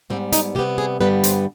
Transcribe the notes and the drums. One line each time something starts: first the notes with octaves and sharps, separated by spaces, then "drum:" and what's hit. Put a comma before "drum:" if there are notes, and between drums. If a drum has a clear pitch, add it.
G#2 G3 B3 C4
D#4, drum: hi-hat
C3 G3 B3 G4
G#4
G2 D3 G3 B3 B4
C5, drum: hi-hat